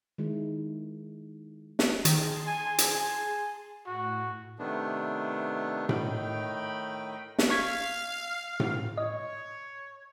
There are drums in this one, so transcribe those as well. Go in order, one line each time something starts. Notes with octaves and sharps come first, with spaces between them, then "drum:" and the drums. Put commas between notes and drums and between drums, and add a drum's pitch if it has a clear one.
D#3 G#3 E4
drum: snare
D#3 G#4 A5 C6, drum: hi-hat
G#5
G#5, drum: hi-hat
A2 F#4
C3 D#3 A3 B3 D4
A2 D#3 D#4 G5 B5, drum: tom A2
drum: snare
F5 C#6 G#6 B6
drum: tom A2
C#5 D#5